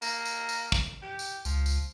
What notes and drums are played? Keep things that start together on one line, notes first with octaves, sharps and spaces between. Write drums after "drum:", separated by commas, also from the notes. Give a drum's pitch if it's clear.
A#3, drum: tambourine
drum: tambourine
drum: tambourine
drum: kick
G4
drum: tambourine
C#2 F3, drum: tambourine
drum: tambourine